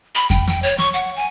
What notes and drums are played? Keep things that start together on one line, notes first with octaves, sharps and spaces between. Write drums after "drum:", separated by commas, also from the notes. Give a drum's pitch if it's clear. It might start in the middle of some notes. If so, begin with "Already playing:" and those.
B5
G5, drum: kick F2
G5, drum: snare
C#5
C#6, drum: snare
F#5
G#5